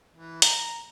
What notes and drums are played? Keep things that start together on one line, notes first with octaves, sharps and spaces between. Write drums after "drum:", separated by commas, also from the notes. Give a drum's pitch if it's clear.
E3
A#5, drum: hi-hat